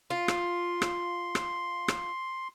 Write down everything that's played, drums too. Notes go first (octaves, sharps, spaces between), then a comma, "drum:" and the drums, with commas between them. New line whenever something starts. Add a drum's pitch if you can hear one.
F4 C6
drum: rim click
drum: rim click
drum: rim click
drum: rim click